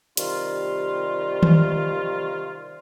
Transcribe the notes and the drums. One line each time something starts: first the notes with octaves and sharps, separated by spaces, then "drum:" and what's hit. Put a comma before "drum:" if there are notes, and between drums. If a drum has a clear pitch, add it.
C3 D#3 G3 F4, drum: hi-hat
drum: tom D#3